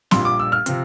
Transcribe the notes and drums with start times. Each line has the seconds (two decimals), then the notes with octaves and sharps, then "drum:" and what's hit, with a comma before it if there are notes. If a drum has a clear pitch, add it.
0.11 A#1 A#2 G3 C6, drum: snare
0.25 D6
0.39 E6
0.52 F6
0.66 C3 F3 C4, drum: hi-hat